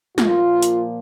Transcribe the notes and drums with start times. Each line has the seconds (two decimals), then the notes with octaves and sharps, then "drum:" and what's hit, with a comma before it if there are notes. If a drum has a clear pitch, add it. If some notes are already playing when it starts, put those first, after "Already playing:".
0.18 A#2 F3 A#3 F4, drum: snare
0.63 drum: hi-hat